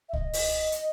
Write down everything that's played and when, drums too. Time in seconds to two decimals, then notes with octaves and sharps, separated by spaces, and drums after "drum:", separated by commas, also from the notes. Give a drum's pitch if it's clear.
0.09 E5
0.13 D#5, drum: kick C2
0.33 drum: open hi-hat
0.72 drum: hi-hat